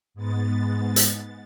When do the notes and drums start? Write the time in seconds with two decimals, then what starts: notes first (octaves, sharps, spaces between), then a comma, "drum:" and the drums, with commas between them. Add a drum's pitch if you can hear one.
0.14 G#2 G#3 B3 A6
0.96 drum: hi-hat